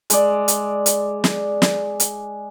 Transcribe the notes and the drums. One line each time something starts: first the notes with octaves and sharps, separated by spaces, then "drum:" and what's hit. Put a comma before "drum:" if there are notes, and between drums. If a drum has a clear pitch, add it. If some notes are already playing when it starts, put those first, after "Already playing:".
G#3 D5, drum: hi-hat
drum: hi-hat
drum: hi-hat
drum: snare
drum: snare
drum: hi-hat